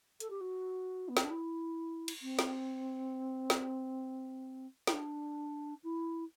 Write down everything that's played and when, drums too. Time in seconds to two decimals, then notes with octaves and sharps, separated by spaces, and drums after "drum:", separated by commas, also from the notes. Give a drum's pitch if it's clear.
0.20 A4, drum: hi-hat
0.30 G4
0.41 F#4
1.08 B3
1.17 C4, drum: snare
1.24 D4
1.30 E4
2.08 drum: cymbal
2.22 C4
2.39 drum: snare
3.50 drum: snare
4.87 E4, drum: snare
4.93 D4
5.83 E4